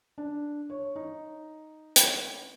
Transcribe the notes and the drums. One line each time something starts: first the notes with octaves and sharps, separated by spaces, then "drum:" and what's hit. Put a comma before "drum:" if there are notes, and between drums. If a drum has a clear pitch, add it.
D4
C#5
D#4
drum: hi-hat